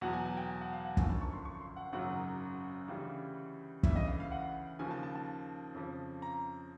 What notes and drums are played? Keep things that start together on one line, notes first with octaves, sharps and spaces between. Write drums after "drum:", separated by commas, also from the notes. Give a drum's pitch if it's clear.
E2 B2 F#3 F#5
G#5
G#5
G5
G#5
F#5
F5
F#5
G#1 F#2 D3 F3 G#5, drum: kick
A5
C#6
C6
C#6
C6
F#5
G#1 F#2 C#3 F#3 F#5
D2 C#3 E3 G3 F5
D2 C#3 E3 E5, drum: kick
D#5
F5
F5
F#5
D#2 C#3 F3 G#5
A5
A5
A5
F2 C#3 F3
A#5